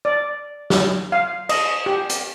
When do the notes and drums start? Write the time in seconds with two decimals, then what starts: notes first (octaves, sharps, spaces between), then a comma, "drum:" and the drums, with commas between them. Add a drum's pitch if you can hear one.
0.05 D5
0.70 drum: snare
1.12 F5
1.49 D#5, drum: cymbal
1.86 G4
2.10 drum: hi-hat